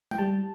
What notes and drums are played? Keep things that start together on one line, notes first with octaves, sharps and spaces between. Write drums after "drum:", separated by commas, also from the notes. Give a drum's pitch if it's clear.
G5, drum: tom G#3
G3 A5